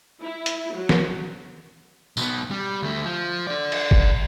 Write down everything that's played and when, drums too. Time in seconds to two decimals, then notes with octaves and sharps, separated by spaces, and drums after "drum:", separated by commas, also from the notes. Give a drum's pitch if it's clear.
0.21 E4
0.46 drum: hi-hat
0.73 F#3
0.89 drum: snare
2.17 B1 B3, drum: tambourine
2.51 G3
2.82 D2 A3
3.05 F3
3.47 A4 D5
3.72 drum: cymbal
3.91 drum: kick